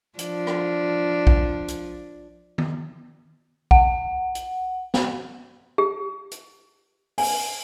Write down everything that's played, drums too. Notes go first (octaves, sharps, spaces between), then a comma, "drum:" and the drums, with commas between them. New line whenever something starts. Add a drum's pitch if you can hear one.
F3 D4, drum: hi-hat
drum: rim click
drum: kick A#1
drum: hi-hat
drum: tom D#3
F#5, drum: kick A#1
drum: hi-hat
drum: snare
G4
drum: hi-hat
G#5, drum: open hi-hat